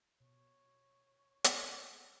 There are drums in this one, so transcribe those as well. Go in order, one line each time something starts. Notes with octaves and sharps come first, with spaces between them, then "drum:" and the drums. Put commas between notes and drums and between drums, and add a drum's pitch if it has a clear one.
B2 C#5
drum: hi-hat